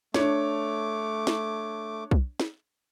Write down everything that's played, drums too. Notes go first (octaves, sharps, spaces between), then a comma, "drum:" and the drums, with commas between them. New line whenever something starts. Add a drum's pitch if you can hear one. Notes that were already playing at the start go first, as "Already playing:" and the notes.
A3 D4 C#5 D6, drum: snare
drum: snare
drum: kick B1
drum: snare